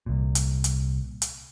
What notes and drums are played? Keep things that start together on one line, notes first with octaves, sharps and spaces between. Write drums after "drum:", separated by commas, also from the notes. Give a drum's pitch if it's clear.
C2 A#2
drum: hi-hat
drum: hi-hat
drum: hi-hat